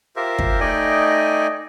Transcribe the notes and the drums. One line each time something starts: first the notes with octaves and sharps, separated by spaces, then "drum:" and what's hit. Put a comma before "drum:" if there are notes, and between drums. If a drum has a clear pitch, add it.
F4 G4 A#4 C5 E5
drum: kick
A3 D#4 D5 D#5 G5 G#5